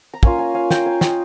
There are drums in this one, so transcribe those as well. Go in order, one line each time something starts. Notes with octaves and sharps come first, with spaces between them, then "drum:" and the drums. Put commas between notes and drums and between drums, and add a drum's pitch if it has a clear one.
A#5
A#3 C#4 F4 F5 G#5, drum: kick
F5 G#5
F5 G#5
G5 A#5, drum: snare
F5 G#5
D#5 G5, drum: snare